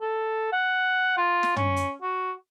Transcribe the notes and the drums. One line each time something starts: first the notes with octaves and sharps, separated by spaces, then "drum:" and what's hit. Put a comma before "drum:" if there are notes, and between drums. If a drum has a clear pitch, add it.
A4
F#5
F4
drum: snare
C#4, drum: tom
drum: hi-hat
F#4